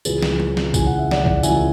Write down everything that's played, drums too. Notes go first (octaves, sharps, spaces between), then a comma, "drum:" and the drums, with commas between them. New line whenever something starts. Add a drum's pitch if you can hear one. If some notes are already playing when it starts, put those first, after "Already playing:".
C#2 C#3 E3 G#4 B4, drum: tambourine
drum: snare
drum: tom F#3
drum: snare
C#2 C#3 E3 G#5, drum: kick, tambourine
F#5
E5
D5 F#5, drum: snare
drum: kick
C#2 C#3 E3 E5 G#5, drum: tambourine